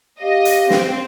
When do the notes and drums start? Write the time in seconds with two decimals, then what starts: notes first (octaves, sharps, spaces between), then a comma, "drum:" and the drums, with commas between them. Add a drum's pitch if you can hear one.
0.22 G4 D#5 F5
0.45 drum: hi-hat
0.70 C4, drum: snare